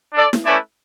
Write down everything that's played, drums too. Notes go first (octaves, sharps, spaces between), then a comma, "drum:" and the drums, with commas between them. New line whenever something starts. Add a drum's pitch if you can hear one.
D4 A4 D5
drum: snare E4
A3 C#4 E4 B4 D5